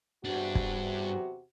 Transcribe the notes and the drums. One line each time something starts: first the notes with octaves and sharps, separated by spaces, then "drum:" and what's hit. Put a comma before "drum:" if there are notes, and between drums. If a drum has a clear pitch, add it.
E2 G2 C3 D4 F#4
drum: kick